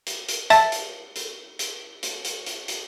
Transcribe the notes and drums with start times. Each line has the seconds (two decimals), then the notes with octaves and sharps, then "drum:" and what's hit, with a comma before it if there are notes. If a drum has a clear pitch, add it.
0.07 drum: hi-hat
0.29 drum: hi-hat
0.50 E5 A5 A6, drum: hi-hat
0.72 drum: hi-hat
1.16 drum: hi-hat
1.59 drum: hi-hat
2.03 drum: hi-hat
2.25 drum: hi-hat
2.46 drum: hi-hat
2.68 drum: hi-hat